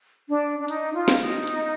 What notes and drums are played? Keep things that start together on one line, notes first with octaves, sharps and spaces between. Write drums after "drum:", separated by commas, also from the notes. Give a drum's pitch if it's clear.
D4
D4
D#4, drum: hi-hat
F4
drum: snare
D#4
drum: hi-hat